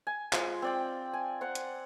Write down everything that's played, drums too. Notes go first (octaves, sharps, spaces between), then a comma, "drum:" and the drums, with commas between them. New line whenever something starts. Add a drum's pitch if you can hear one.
G#5
G#3 F4 C5 C6, drum: clap
C4 D5 G5
G#5
C5 F#5 A#5
drum: hi-hat